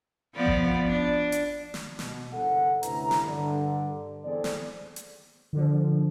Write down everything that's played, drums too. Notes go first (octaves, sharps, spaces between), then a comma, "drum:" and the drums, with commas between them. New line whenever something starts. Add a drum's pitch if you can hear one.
F3 B3 D5
drum: kick G#1
D4
drum: hi-hat
drum: snare
B2, drum: snare
G1 C2 A4 F#5
D2 C3 C#4 E4 B4 A#5, drum: hi-hat
drum: snare
G2 D3
E3 B3 C4 G#4 A4 D5
drum: snare
drum: hi-hat
D3 F3